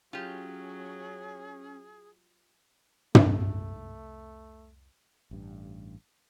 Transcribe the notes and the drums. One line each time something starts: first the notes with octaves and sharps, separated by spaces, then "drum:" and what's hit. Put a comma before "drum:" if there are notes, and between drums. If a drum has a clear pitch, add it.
F#3 C#4 F4 G4 G#4
C2 F2 A3, drum: tom
A1 G2